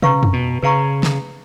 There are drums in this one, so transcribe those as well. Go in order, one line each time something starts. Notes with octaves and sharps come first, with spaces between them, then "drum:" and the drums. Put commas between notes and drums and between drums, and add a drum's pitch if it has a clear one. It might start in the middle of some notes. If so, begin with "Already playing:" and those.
C#3 B4 F5 A#5 C#6, drum: tom
drum: tom F2
B2
C#3 B4 F5 A#5 C#6
drum: snare